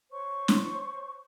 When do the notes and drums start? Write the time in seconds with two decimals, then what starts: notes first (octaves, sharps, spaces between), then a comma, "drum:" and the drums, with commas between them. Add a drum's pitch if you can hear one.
0.11 C5 C#5 C#6
0.48 drum: snare